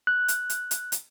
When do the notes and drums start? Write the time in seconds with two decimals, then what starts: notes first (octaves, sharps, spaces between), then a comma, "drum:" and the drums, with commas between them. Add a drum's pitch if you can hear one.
0.07 F#6
0.28 drum: hi-hat
0.50 drum: hi-hat
0.71 drum: hi-hat
0.92 drum: hi-hat